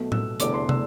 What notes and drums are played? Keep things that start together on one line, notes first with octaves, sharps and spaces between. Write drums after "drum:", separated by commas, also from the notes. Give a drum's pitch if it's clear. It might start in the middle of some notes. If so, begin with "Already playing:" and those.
Already playing: B1 B2 A3
E6, drum: tom A2
F1 E2 D3 A3 D6, drum: hi-hat
C6
E6, drum: tom